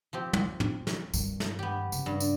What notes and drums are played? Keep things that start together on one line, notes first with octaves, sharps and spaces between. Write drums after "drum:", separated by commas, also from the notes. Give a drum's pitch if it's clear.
F3 C4 G4
drum: tom
drum: tom
drum: snare
G2 D#3, drum: tambourine
drum: snare
B3 G4
C#3, drum: tambourine
G2
drum: tambourine